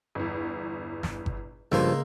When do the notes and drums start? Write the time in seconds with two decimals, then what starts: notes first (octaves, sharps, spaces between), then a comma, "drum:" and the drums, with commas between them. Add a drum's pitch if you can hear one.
0.15 G1 E2
1.03 drum: snare
1.26 drum: kick G1
1.72 C#2 G2 F3 A#3 C6 E6, drum: snare